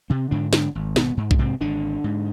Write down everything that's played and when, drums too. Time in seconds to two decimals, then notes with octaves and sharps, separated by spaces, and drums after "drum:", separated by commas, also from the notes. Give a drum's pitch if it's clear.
0.10 C3 C4
0.31 G#2 D3 D4
0.53 D3 D4, drum: snare
0.75 G#1
0.96 B2 B3, drum: snare
1.17 G#2
1.31 D4, drum: kick B1
1.39 C3 C4
1.61 G#1 D3 D4
2.04 G#2